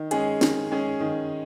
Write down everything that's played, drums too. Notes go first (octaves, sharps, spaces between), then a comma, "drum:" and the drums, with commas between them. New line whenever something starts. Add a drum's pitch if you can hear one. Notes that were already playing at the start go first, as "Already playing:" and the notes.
Already playing: D#3
G#3 C#4 G#4, drum: hi-hat
D#3, drum: snare
G#3 C#4 G#4
D#3